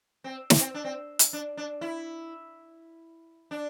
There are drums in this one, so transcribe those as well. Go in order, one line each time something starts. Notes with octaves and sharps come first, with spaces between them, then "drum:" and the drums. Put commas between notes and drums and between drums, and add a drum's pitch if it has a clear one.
C4
drum: snare
C4
D4
C4
drum: hi-hat
D4
D4
E4
D4